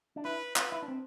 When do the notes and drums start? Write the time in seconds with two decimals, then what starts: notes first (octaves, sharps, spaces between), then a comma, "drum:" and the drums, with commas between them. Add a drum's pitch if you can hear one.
0.16 D4
0.24 E4 B4
0.56 F4 B4, drum: clap
0.72 E4
0.82 D4
0.88 C4